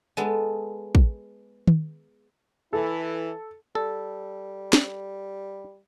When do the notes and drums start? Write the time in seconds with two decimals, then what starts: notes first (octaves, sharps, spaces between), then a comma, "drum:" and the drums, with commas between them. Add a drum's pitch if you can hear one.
0.17 G#3 B3 A4
0.95 drum: kick
1.67 drum: tom D#3
2.73 E3 E4 A4
3.75 G3 A4
4.73 drum: snare